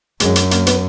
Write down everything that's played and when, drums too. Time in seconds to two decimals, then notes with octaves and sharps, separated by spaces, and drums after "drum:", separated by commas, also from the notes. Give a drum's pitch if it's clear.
0.20 F#2 G#3, drum: hi-hat
0.36 drum: hi-hat
0.51 A#3, drum: hi-hat
0.67 B3, drum: hi-hat